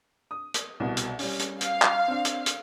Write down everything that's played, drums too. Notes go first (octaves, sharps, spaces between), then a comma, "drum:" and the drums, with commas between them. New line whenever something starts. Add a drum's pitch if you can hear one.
D#6
drum: hi-hat
C2 B2
drum: hi-hat
G3 C#4, drum: open hi-hat
drum: hi-hat
F5, drum: hi-hat
drum: clap
C4 D4
drum: hi-hat
drum: hi-hat